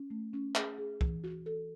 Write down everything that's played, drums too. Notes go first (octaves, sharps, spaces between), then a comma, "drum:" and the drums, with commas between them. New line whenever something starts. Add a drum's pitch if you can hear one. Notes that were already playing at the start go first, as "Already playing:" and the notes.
Already playing: C#4
A3
C#4
G#4, drum: clap
G#4
E3, drum: kick
F#4
A4